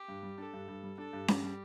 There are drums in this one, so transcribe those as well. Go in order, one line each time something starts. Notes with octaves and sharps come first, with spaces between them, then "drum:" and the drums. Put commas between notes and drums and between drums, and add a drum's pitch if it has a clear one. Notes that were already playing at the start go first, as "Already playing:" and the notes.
Already playing: G4
G2
G3
D4 A4
G2
G2
G3
D4 A4
G2
G2 G4, drum: snare C#4
G3